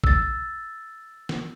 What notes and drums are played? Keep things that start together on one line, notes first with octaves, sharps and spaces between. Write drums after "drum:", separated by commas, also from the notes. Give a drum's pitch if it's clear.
E6 A6, drum: kick A1
drum: snare